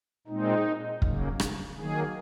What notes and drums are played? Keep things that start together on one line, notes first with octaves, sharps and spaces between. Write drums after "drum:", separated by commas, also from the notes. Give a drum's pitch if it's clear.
A#2 G#3 C4 D#4
C#3 F#3 A#3, drum: kick
drum: rim click
D#3 F#3 A#3 G#4